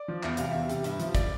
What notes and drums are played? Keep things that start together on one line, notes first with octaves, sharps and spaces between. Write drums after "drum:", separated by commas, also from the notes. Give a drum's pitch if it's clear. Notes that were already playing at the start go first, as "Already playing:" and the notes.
Already playing: D5
F3
E2 E5, drum: clap
C3 G3 F5, drum: hi-hat
E2 E5
C3 G3, drum: hi-hat
G2 E5, drum: hi-hat
F3, drum: hi-hat
D5, drum: kick, hi-hat